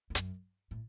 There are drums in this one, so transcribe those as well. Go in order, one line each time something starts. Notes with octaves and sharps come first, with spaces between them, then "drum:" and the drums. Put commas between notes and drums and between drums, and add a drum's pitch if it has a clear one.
F2
F#2, drum: hi-hat
A2